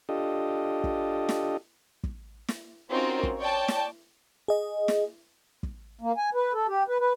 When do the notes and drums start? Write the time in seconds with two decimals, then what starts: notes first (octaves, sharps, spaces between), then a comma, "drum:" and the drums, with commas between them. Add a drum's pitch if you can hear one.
0.09 D4 F4 G4 A4 D#5
0.84 drum: kick
1.29 drum: snare
2.04 drum: kick
2.48 drum: snare
2.90 C4 C#4 D#4 F4 F#4 A#4
3.23 drum: kick
3.39 C#5 D5 G5 A5
3.68 drum: snare
4.48 G#4 D#5
4.88 drum: snare
5.63 drum: kick
6.01 A#3
6.17 G#5
6.34 B4
6.53 A4
6.67 G4
6.88 B4
7.00 B4